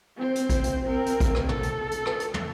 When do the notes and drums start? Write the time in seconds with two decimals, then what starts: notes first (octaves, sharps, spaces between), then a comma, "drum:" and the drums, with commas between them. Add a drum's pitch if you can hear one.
0.17 C4 C5
0.35 drum: hi-hat
0.50 drum: kick, hi-hat
0.64 drum: hi-hat
0.86 C4 A#4
1.06 drum: hi-hat
1.20 drum: kick, hi-hat
1.35 drum: rim click
1.49 A4, drum: tom
1.63 drum: hi-hat
1.91 drum: hi-hat
2.06 drum: rim click
2.20 drum: hi-hat
2.34 drum: tom